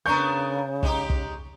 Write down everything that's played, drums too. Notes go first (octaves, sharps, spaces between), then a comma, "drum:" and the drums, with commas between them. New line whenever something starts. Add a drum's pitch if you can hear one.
C#3 B3 D4 A#4 C#6 G6
G#3 D#4 G4, drum: kick
drum: kick